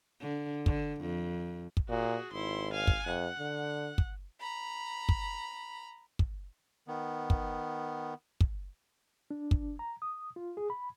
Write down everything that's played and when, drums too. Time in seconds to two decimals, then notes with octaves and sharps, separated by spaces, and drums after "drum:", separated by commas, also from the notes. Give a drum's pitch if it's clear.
0.20 D3
0.66 D3, drum: kick
1.01 F2
1.77 drum: kick
1.89 A#2 F#4 G#4
2.32 G#1 E4 C6
2.73 F5 G#5
2.87 drum: kick
3.06 F2 F#5
3.39 D3
3.98 drum: kick
4.39 A#5 B5
5.09 drum: kick
6.19 drum: kick
6.88 D#3 B3
7.30 drum: kick
8.41 drum: kick
9.31 D4
9.51 drum: kick
9.79 A#5
10.02 D#6
10.36 F4
10.57 G#4
10.70 B5